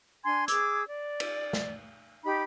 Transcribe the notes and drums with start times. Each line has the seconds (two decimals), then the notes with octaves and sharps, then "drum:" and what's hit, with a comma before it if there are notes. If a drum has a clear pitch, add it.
0.24 D4 G#5 C6 G#6
0.48 G#4 D6 E6 G#6, drum: hi-hat
0.87 D5
1.20 drum: cymbal
1.53 drum: snare A3
2.24 D#4 G4 B5